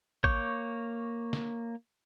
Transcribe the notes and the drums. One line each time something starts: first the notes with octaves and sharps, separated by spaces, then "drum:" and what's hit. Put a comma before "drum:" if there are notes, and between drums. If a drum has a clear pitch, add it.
A#3 C#5 C#6 D6 G6, drum: kick A1
drum: snare